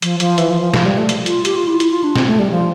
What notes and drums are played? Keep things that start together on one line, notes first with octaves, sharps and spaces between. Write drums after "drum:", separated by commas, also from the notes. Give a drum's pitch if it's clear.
F3, drum: hi-hat
F3, drum: hi-hat
E3, drum: hi-hat
F3
F3
F3, drum: snare
G3
A3
drum: hi-hat
F4, drum: hi-hat
G4, drum: hi-hat
F4
E4
E4, drum: hi-hat
F4
D4
C4, drum: snare
A3
G3
F3